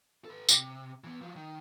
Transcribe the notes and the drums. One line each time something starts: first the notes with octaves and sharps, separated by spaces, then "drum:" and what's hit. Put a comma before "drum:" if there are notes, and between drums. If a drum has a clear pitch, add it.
A4 B4
C3, drum: tambourine
E3 B3
F3 F#3
D#3